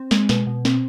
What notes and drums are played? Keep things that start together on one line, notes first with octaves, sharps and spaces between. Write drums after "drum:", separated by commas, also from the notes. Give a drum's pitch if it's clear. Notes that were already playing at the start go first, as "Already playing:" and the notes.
Already playing: C4
G#3, drum: snare
B2, drum: snare
B2
C4, drum: snare